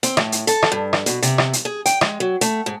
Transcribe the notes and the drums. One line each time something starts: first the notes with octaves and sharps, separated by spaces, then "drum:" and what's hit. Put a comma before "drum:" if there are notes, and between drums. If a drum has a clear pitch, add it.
C4, drum: hi-hat
A2, drum: rim click
drum: hi-hat
A4, drum: hi-hat
drum: rim click
G2
drum: rim click
B2, drum: hi-hat
C3, drum: hi-hat
drum: rim click
drum: hi-hat
G#4
G5, drum: hi-hat
G#3, drum: rim click
F#3
A3, drum: hi-hat
G#2